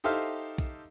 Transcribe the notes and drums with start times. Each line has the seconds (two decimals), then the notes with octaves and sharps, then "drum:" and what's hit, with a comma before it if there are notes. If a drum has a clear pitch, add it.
0.04 D#4 G4 A4 C5 E5 F5, drum: tambourine
0.22 drum: tambourine
0.58 drum: kick B1, tambourine